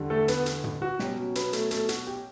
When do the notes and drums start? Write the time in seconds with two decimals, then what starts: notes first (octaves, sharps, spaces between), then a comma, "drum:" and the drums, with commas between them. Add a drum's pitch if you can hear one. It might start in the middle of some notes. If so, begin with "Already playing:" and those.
Already playing: E2 D3 G3
0.10 A3 A4
0.28 B3 B4, drum: hi-hat
0.46 drum: hi-hat
0.64 drum: tom
0.82 F#4
0.99 B2 F#3 C#4 G4, drum: snare
1.35 B3 B4, drum: hi-hat
1.53 A3 A4, drum: hi-hat
1.71 A3 A4, drum: hi-hat
1.89 F#4, drum: hi-hat
2.07 G4